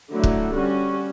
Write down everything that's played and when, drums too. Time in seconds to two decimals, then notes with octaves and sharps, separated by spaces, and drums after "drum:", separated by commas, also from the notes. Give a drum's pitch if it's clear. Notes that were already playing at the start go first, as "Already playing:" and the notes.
0.11 D3 F#3 A3 E4
0.23 drum: kick
0.53 G3 C#4 F#4